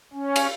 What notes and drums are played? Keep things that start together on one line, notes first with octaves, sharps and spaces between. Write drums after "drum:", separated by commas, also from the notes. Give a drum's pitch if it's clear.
C#4
drum: cymbal